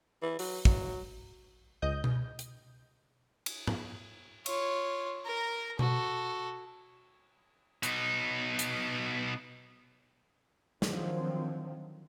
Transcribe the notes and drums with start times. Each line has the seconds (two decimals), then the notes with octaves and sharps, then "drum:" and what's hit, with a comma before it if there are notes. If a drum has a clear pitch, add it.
0.22 E3
0.39 F#3, drum: open hi-hat
0.65 F#3, drum: kick
1.82 C#2 D#5 G6
2.04 drum: tom B2
2.39 drum: hi-hat
3.46 drum: cymbal
3.67 drum: tom G#2
4.46 F4 C#5, drum: cymbal
5.26 A#4 A#5
5.79 F#4 A4, drum: tom B2
7.83 B2 D#4, drum: hi-hat
8.59 drum: hi-hat
10.82 D3 D#3 F3 F#3 C4, drum: snare